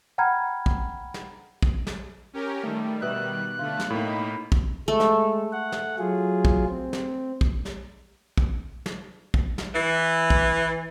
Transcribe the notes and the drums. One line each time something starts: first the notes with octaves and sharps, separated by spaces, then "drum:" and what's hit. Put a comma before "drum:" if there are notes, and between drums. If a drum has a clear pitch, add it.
F#5 G5 A#5 B5 F6 G#6
drum: kick
drum: snare
drum: kick
drum: snare
C#4 G4 A#4
D#3 G3 A3
B2 E5 F#6
D3 A3 F4
drum: snare
A2 A#3 D#4 B5
drum: kick
G#3 A3
drum: snare
F#5
drum: snare
F#3 F4 G#4
drum: kick
C4
drum: snare
drum: kick
drum: snare
drum: kick
drum: snare
drum: kick
drum: snare
E3
drum: kick